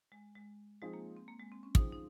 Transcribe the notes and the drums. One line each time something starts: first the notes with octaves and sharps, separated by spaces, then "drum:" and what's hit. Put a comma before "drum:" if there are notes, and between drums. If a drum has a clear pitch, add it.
G#3
G#3
F3 G#3 C4 D#4 G#4
A#3
C4
A#3
G#3
C4
C#4
F3 G#3 C4 D#4, drum: kick
D#4